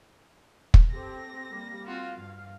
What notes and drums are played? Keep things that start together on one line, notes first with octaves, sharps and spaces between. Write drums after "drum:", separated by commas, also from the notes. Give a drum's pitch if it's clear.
drum: kick
C4 G4 A4 A#6
G3 A#3
C4 F4 F#4 F5
G2